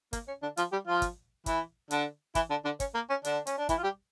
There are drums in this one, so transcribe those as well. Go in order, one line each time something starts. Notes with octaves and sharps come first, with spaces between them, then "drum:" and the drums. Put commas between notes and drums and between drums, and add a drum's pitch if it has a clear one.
A#3, drum: kick, hi-hat
C#4
D3 D4
F3 F4, drum: hi-hat
G3 G4
F3 F4
drum: kick, hi-hat
E3 E4, drum: kick, hi-hat
D3 D4, drum: hi-hat
E3 E4, drum: kick, hi-hat
D3 D4
D3 D4
C#4, drum: kick, hi-hat
A#3
C#4
D3 D4, drum: hi-hat
C#4, drum: hi-hat
D4
E3 E4, drum: kick, hi-hat
F4
G3 G4